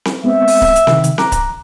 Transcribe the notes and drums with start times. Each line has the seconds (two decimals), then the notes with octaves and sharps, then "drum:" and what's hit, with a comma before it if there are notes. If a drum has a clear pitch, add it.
0.05 drum: snare C4
0.24 G#3 B3 C4 E5
0.48 drum: open hi-hat
0.62 drum: kick C#1
0.76 drum: hi-hat
0.87 C3 D#3, drum: snare C4
1.04 drum: hi-hat
1.18 A#5 D6 F#6, drum: snare C4
1.32 drum: kick C#1, hi-hat